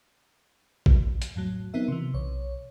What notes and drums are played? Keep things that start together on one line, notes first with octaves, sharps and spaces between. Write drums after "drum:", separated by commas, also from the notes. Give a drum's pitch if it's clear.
drum: kick A#1
drum: hi-hat
F2 A2 F#3
F#3 B3 C4 D#4 A#4 E5
C3 E3
B1 C#5